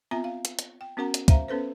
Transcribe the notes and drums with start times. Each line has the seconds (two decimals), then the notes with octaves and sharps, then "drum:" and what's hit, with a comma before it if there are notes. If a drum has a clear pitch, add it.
0.11 B3 C4 F4 E5 G#5 A#5
0.24 F5
0.45 drum: hi-hat
0.59 drum: hi-hat
0.81 G5
0.97 B3 C#4 F#4 A#4 F#5 A#5
1.14 drum: hi-hat
1.28 C5 E5 F5 A#5, drum: kick, hi-hat
1.48 B3 C#4 A4 B4 C5